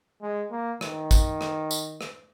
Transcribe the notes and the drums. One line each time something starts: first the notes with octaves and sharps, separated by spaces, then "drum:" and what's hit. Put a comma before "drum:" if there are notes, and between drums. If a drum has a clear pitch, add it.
G#3
A#3
D#3, drum: rim click
drum: kick, tambourine
drum: rim click
drum: tambourine
drum: rim click